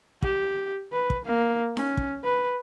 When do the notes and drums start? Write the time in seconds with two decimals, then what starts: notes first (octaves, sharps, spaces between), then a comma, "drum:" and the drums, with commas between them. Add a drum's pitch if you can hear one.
0.22 G4, drum: kick
0.93 B4
1.10 drum: kick
1.25 A#3
1.77 C#4, drum: snare D#4
1.97 drum: kick
2.24 B4